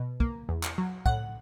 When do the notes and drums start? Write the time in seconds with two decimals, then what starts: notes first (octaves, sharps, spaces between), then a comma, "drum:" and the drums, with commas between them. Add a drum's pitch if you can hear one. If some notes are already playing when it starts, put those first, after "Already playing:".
Already playing: B2
0.20 A#3, drum: kick
0.49 E2
0.63 drum: clap
0.78 F#3
1.06 A2 F#5, drum: kick